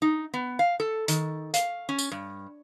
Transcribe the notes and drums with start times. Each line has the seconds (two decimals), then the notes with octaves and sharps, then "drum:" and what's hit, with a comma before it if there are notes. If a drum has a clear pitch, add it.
0.02 D#4
0.34 B3
0.59 F5
0.80 A4
1.08 D#3, drum: hi-hat
1.54 F5, drum: hi-hat
1.89 C#4
1.99 drum: tambourine
2.12 G2